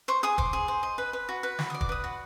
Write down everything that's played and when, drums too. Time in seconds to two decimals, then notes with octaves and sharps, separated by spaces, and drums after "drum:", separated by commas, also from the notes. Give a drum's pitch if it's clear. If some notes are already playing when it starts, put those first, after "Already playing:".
0.08 C5 C#6
0.23 G#4 D#6
0.38 C5 D6, drum: kick
0.53 G#4
0.68 C5
0.83 D#5
0.98 B4
1.13 B4
1.29 F#4
1.43 B4
1.59 F#4, drum: snare
1.70 D5 D#6
1.81 D6, drum: kick
1.89 B4 D#6
2.04 F#4